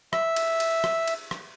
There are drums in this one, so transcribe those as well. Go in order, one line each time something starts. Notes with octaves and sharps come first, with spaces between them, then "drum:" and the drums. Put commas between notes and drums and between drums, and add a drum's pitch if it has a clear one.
E5, drum: rim click
drum: cymbal
drum: cymbal
drum: rim click
drum: cymbal
drum: rim click